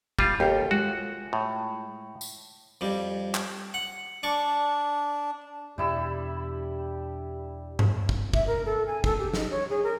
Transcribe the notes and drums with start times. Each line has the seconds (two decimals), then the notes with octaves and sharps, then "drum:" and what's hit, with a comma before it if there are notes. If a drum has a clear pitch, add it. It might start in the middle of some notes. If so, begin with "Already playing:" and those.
0.19 G3 F4, drum: kick
0.40 D#2 G4 A4 G5
0.71 G#3 F4 F#4
1.33 A2
2.21 drum: tambourine
2.81 F2 G3
3.35 drum: clap
3.74 F#5
4.23 D4 D5 C#6
5.78 E2 B2 G3 D4 E4 G4 E6
7.79 drum: tom G2
8.09 drum: kick
8.34 E5, drum: kick
8.46 A#4
8.65 A4
8.87 G#5
9.04 A4, drum: kick
9.19 G4
9.34 D#4, drum: snare
9.50 C#5
9.69 G#4
9.83 A#4